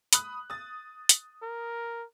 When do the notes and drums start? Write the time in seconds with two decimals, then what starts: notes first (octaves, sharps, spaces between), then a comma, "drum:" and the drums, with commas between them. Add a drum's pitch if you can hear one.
0.13 B5 D#6 F#6, drum: hi-hat
0.50 D#6 A6
1.09 drum: hi-hat
1.43 A#4